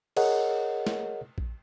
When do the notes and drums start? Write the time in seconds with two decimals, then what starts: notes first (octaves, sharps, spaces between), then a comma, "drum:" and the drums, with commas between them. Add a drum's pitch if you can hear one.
0.17 G#4 A#4 C#5 D#5 F#5, drum: cymbal
0.87 drum: snare
1.38 drum: kick A#1